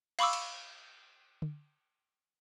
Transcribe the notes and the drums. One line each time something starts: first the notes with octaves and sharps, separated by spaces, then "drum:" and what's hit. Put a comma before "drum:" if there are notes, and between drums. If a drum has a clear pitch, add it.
F5 B5 C#6 D6 E6, drum: cymbal
drum: cymbal
drum: tom